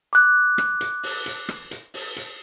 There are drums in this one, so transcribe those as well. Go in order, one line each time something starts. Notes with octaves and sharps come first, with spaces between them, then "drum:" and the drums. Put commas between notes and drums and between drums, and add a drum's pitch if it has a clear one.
D6 F#6
drum: rim click
drum: hi-hat
drum: open hi-hat
drum: hi-hat
drum: rim click
drum: hi-hat
drum: open hi-hat
drum: hi-hat